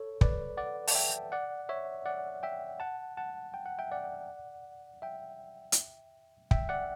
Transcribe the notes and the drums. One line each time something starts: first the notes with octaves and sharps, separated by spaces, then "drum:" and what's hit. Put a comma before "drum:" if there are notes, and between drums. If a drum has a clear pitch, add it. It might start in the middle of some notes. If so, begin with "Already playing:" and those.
Already playing: A4 C#5
B4 D5, drum: kick
D5 F#5
A5, drum: open hi-hat
E5 G5
D5 F#5
C#5 E5
D5 F#5
E5 G5
F#5 A5
F#5 A5
G5
F#5
E5 G5
D5 F#5
E5 G5
drum: hi-hat
E5 G5, drum: kick
D5 F#5